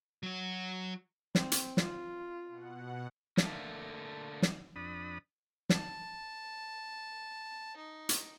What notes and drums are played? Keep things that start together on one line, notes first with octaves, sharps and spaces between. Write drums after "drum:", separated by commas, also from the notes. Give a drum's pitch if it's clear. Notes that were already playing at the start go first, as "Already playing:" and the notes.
F#3 F#4
C4, drum: snare
drum: hi-hat
F4, drum: snare
B2 F#5
D3 A3 A#3, drum: snare
drum: snare
F2 D4 B5 D#6
A5, drum: snare
D#4
drum: hi-hat